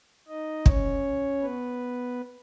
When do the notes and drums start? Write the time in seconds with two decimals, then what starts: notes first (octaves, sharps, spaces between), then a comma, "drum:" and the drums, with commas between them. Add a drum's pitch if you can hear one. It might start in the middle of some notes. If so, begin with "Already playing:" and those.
0.28 D#4 D#5
0.66 C#4 C#5, drum: kick
1.41 B3 B4